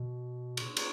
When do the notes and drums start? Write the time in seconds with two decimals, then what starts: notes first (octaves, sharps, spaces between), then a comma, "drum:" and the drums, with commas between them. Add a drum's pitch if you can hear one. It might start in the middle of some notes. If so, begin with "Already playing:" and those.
Already playing: B2
0.57 drum: cymbal
0.77 drum: cymbal